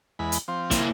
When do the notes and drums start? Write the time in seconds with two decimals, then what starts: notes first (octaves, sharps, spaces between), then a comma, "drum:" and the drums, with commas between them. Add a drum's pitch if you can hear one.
0.19 E2 G#3 B5
0.32 drum: hi-hat
0.48 F3 C4
0.71 A#3 E4, drum: kick, hi-hat